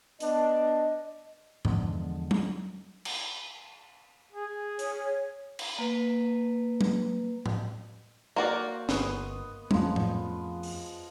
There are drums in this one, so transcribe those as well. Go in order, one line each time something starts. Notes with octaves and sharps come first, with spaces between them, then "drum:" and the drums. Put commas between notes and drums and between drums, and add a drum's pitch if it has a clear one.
B3 D4 D#5, drum: hi-hat
E2 D3 F3 G#3, drum: tom G2
drum: tom F#3
drum: cymbal
G#4
C#5, drum: hi-hat
drum: cymbal
A#3 B4
drum: tom F#3
drum: tom A2
A#3 F#4 C5 D5
G1 B3 D#5 C#6, drum: snare
F2 F3 G#3 A3 C#4, drum: tom F#3
drum: tom A2
drum: open hi-hat